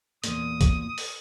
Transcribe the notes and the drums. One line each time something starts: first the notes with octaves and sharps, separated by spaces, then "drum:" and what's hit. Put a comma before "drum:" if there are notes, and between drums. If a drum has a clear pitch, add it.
E2 A#2 D#6, drum: hi-hat
drum: kick, hi-hat
drum: open hi-hat